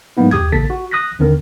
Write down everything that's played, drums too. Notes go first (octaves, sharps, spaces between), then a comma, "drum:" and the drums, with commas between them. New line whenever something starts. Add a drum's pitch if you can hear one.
G#2 F#3 A#3 B3 E4
G4 D#6 G#6, drum: tom
A1 C#3 A#3 A4 A6 B6
F#4
D#6 F#6 A#6 B6
D#2 D3 C4 A#4